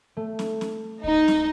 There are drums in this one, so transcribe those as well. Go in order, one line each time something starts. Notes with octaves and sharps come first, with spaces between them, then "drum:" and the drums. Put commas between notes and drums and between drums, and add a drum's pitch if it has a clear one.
A3
drum: snare
drum: snare
D#4, drum: kick C#2
drum: snare